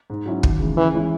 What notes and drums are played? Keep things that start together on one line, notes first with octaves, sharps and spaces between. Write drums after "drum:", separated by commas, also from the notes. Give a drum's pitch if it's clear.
G#2
F#3 C#4 E4
D#2, drum: kick
C#3 E3 G#3
C#3 E3
E3 G#3 C#4 E4